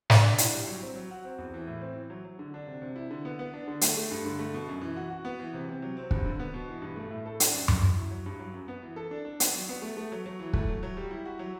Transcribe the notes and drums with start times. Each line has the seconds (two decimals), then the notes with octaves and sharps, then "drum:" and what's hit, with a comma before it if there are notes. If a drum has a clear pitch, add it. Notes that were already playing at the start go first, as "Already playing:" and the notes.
0.10 D4, drum: snare
0.24 D4
0.38 E4, drum: hi-hat
0.54 G3
0.68 F#3
0.82 C4
0.95 F#3
1.11 F#4
1.25 C4
1.38 E2
1.54 E3
1.67 A2
1.81 C4
1.96 E3
2.10 F#3
2.25 F#3
2.39 D3
2.54 D4
2.67 C3
2.82 C3
2.96 E4
3.11 D3
3.25 B3
3.39 B3
3.54 D4
3.68 D3
3.81 A3, drum: hi-hat
3.97 A3
4.11 G2
4.25 D3
4.39 A3
4.54 B2
4.68 F#2
4.82 E3
4.96 F#4
5.10 F#4
5.25 B3
5.39 E3
5.54 C3
5.68 C3
5.82 F#3
5.97 C4
6.11 G2, drum: kick
6.26 D3
6.39 B3
6.54 B2
6.68 E3
6.82 G2
6.96 A3
7.10 A2
7.26 A4
7.40 D4, drum: hi-hat
7.54 F#2
7.68 F#2, drum: tom F#2
7.83 F#3
7.97 E4
8.11 F#3
8.26 G2
8.39 F#3
8.54 F#2
8.68 B3
8.83 E3
8.96 A4
9.11 D4
9.25 D4
9.40 B3, drum: hi-hat
9.54 F#3
9.69 B3
9.82 A3
9.97 A3
10.12 F#3
10.26 F#3
10.39 E3
10.53 A3, drum: kick
10.68 F#3
10.83 F#3
10.97 G3
11.11 E4
11.25 F#4
11.39 F#3